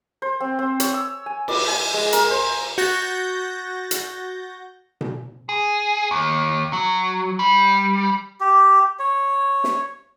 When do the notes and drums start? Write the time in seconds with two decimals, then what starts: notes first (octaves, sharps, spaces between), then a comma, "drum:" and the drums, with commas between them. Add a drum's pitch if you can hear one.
0.22 C5
0.40 C4
0.59 C4
0.80 C#5, drum: hi-hat
0.94 E6
1.26 G#5
1.48 D5, drum: cymbal
1.68 G#5
1.94 G#3
2.13 A#4, drum: hi-hat
2.31 C5
2.78 F#4 G6 A6 A#6
3.91 drum: hi-hat
5.01 drum: tom B2
5.49 G#4
6.11 D#2
6.73 F#3
7.39 G3
8.41 G4
8.99 C#5
9.64 drum: snare